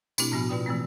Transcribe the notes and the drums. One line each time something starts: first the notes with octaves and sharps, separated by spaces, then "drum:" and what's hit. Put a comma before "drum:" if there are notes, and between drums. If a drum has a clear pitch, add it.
B2 A3 C4 D4 E4 G4, drum: tambourine
A2 F3 B3 F#4 G#5 B5
B2 F4 B4 D5 G5 D#6
E3 A3 A#3 C4